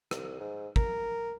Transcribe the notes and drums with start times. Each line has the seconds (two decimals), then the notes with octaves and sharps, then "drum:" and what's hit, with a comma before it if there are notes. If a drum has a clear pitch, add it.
0.11 C2, drum: rim click
0.40 G#2
0.76 A#4, drum: kick